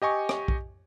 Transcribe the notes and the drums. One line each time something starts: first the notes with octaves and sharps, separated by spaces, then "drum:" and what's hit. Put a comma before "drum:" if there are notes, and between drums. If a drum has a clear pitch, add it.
G4 D#5 G#5 C#6
drum: rim click
drum: kick B1